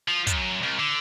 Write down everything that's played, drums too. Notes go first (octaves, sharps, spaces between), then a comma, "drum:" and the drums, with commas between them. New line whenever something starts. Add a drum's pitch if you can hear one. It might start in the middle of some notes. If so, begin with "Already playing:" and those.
F3
F#2, drum: kick, hi-hat
C2
D3